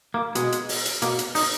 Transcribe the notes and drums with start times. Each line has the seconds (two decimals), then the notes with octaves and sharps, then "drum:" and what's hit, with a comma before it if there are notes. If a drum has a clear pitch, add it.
0.14 A#3
0.35 B2 G#3, drum: hi-hat
0.52 drum: hi-hat
0.69 drum: open hi-hat
0.85 drum: hi-hat
1.02 B2 A#3, drum: hi-hat
1.19 drum: hi-hat
1.35 D#4, drum: open hi-hat